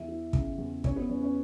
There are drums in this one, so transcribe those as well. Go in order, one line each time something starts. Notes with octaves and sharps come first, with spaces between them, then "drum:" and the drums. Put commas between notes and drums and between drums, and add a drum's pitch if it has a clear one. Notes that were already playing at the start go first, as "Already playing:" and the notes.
Already playing: E2 E4 E5
E3
C#3, drum: kick
E2
E2 C#4 C#5, drum: kick
B3 B4
E2 C#4 C#5
C#4 C#5